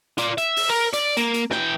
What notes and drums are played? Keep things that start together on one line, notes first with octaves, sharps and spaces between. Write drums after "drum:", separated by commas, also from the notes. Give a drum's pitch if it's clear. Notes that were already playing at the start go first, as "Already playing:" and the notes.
F4 D5, drum: hi-hat
E5, drum: hi-hat
drum: open hi-hat
A#4
D5, drum: hi-hat
A#3, drum: hi-hat
drum: hi-hat
E3 G5, drum: snare